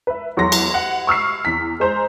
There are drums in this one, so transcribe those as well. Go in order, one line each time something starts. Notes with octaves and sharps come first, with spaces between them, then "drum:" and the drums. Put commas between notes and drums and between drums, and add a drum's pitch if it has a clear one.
B4 E5
E2 F#3 A4 C6 A#6
drum: cymbal
F#5
C#6 E6 F6 C7
E2 B6
G#3 C5 A#5